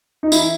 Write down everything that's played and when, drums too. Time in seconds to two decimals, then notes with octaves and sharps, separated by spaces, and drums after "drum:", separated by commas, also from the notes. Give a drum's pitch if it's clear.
0.23 D#4
0.32 E3 E4, drum: tambourine